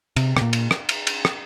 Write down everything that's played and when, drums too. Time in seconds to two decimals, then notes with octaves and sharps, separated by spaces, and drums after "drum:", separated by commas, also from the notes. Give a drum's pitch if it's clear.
0.16 C3, drum: cymbal
0.37 C3, drum: rim click
0.41 A#2
0.53 drum: cymbal
0.71 drum: rim click
0.89 drum: cymbal
1.07 drum: cymbal
1.25 drum: rim click